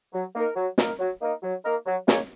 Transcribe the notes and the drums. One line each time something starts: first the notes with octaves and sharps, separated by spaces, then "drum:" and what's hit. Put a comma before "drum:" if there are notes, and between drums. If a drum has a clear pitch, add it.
F#3
A#3 D#4 A#4
F#3
A#3 D#4 A#4, drum: snare
F#3
A#3 D#4 A#4
F#3
A#3 D#4 A#4
F#3
A#3 D#4 G#4 C#5, drum: snare